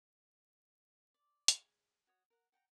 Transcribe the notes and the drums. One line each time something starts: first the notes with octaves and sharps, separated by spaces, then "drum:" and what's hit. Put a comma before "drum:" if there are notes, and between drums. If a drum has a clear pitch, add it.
D5
G#4, drum: hi-hat
F#4 C#5 D#6
A#4 F#5
F#5 G5 A5 A#5